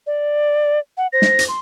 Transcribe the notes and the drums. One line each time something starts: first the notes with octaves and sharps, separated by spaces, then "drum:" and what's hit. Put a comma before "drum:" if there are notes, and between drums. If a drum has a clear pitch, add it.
D5
F#5
C5 A#6
drum: snare
drum: hi-hat
C6